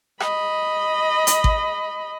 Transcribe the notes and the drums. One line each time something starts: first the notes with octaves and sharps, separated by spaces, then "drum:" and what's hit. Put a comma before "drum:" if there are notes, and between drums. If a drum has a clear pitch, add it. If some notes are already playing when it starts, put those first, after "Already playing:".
D#5 B5, drum: rim click
drum: hi-hat
drum: kick G#1